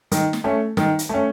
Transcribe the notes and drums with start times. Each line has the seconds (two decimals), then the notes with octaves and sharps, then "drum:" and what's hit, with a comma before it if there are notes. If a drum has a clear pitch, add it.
0.11 D#3, drum: hi-hat
0.33 drum: snare
0.44 A3 C#4
0.77 D#3, drum: snare
0.99 drum: hi-hat
1.09 A3 C#4